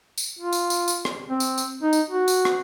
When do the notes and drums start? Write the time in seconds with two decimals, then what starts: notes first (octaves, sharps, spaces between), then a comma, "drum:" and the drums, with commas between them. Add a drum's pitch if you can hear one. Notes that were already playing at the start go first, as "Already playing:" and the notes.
0.18 drum: tambourine
0.39 F4
0.53 drum: tambourine
0.70 drum: tambourine
0.88 drum: tambourine
1.05 drum: rim click
1.29 C4
1.40 drum: tambourine
1.58 drum: tambourine
1.83 D#4
1.93 drum: tambourine
2.10 F#4
2.28 drum: tambourine
2.45 drum: rim click